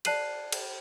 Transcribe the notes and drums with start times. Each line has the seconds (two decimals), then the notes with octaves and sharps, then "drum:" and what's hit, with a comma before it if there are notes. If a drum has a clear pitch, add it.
0.05 D5 A5 F#6 C7 D#7 F#7, drum: cymbal
0.52 drum: cymbal